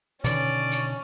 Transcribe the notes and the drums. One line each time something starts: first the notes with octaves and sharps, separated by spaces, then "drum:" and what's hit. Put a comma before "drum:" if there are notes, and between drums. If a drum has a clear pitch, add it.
B2 D3 D#3 C#4 D5, drum: hi-hat
drum: hi-hat